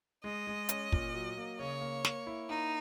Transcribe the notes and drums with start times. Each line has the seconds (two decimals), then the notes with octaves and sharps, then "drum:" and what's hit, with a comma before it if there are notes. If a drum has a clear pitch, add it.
0.24 G#3 D#5
0.47 G#3
0.69 C#4, drum: hi-hat
0.92 A#2, drum: kick
1.14 F#3
1.37 A#3
1.59 C#3 C#5
1.81 A#3
2.05 A#3, drum: snare
2.27 E4
2.49 A#3 D#4